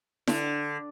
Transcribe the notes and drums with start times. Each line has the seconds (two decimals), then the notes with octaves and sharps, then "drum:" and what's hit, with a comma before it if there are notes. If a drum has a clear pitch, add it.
0.28 D3, drum: snare E4